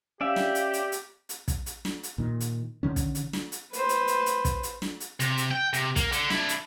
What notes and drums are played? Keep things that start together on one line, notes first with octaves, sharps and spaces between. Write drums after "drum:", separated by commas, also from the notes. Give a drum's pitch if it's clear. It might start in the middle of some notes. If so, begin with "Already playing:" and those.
C#4 G4 D5 E5 F5
drum: snare
drum: hi-hat
drum: hi-hat
drum: hi-hat
drum: hi-hat
drum: kick, hi-hat
drum: hi-hat
drum: snare
drum: hi-hat
A#2 D#3
drum: hi-hat
D3 D#3 C#4
drum: kick, hi-hat
drum: hi-hat
drum: snare
drum: hi-hat
B4 C5, drum: hi-hat
drum: hi-hat
drum: hi-hat
drum: hi-hat
drum: kick, hi-hat
drum: hi-hat
drum: snare
drum: hi-hat
C3, drum: hi-hat
drum: hi-hat
G5
C3, drum: hi-hat
A#3, drum: kick, hi-hat
D3, drum: hi-hat
D4 E4, drum: snare
drum: hi-hat